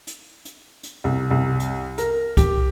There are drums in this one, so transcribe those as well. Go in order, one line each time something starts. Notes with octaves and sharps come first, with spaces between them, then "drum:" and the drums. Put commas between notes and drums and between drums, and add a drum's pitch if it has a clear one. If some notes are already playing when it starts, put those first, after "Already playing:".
drum: hi-hat
drum: hi-hat
drum: hi-hat
C2
C2
drum: hi-hat
A#4, drum: hi-hat
G4, drum: kick C2, hi-hat